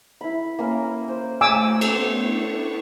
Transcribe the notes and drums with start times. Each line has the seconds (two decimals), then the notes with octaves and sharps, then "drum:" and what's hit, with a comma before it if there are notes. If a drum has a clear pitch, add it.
0.21 E4 B5
0.59 A#3 C#4 A#4
1.08 C5
1.41 A3 F#4 C5 G#5 D6 E6
1.81 B3 A4 C5 C#5, drum: cymbal
2.19 D4 E4 C#6